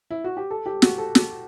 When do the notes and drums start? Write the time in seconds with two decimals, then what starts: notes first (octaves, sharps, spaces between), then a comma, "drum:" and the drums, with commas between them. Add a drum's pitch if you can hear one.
0.10 E4
0.24 F#4
0.37 G4
0.51 A4
0.66 G4
0.82 F#4, drum: snare
0.98 A4
1.15 drum: snare